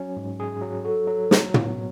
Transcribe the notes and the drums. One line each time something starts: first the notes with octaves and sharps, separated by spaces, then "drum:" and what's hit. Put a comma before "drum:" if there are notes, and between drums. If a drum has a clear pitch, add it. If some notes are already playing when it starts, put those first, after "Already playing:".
Already playing: F#3 C#4
G#2
G#4
F#3
F#4 A4
F#3
F#3, drum: snare
B3, drum: tom